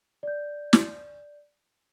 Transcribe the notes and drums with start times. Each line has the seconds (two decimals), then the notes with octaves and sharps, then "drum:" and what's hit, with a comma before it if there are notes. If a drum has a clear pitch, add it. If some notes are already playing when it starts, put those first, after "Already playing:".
0.23 D5 G6
0.73 drum: snare